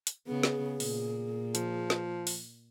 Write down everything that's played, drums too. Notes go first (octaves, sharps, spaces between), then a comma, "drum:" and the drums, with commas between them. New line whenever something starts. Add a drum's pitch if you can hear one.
drum: hi-hat
C#3 B3 G#4
drum: snare
A#2, drum: open hi-hat
F3, drum: hi-hat
drum: snare
drum: open hi-hat